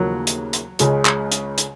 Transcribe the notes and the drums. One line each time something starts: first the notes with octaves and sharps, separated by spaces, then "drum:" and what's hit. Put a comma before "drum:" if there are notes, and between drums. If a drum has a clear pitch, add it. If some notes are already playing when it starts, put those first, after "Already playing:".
Already playing: D#2 C#3 F3 F#3 A#3
drum: hi-hat
drum: hi-hat
C#2 C#3 G#3 C#4, drum: hi-hat
drum: clap
drum: hi-hat
drum: hi-hat